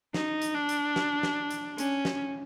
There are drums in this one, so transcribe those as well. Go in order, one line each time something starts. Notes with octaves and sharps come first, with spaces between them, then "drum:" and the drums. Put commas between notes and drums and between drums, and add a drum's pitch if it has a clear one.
D#4, drum: snare
drum: hi-hat
D4
drum: hi-hat
drum: snare
drum: snare
drum: hi-hat
C#4, drum: hi-hat
drum: snare